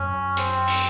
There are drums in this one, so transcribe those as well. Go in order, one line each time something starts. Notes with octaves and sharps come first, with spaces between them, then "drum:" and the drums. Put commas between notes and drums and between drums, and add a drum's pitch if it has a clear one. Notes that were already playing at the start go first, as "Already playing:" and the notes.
Already playing: F#2 C#4
C4, drum: hi-hat
drum: open hi-hat